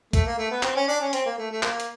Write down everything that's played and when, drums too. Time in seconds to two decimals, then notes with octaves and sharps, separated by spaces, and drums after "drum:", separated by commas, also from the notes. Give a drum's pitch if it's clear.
0.13 A3, drum: kick, hi-hat
0.26 A#3
0.38 A3
0.51 B3
0.63 C4, drum: clap
0.76 C#4
0.88 D4
1.01 C#4
1.13 C4, drum: hi-hat
1.26 A#3
1.38 A3
1.51 A3
1.63 A#3, drum: clap
1.80 drum: hi-hat